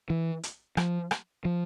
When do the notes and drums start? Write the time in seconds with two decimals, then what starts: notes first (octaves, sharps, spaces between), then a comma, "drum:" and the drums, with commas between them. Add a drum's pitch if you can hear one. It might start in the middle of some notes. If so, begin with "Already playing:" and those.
0.10 E3
0.43 drum: hi-hat
0.77 F3, drum: rim click
1.11 drum: rim click
1.45 F3